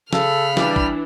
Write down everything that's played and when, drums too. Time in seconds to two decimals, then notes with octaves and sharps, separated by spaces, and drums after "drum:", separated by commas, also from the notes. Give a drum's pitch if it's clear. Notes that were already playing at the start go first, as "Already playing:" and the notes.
0.13 C#3 A4 B5 F6, drum: snare
0.57 E3 G3 D4, drum: snare
0.76 drum: kick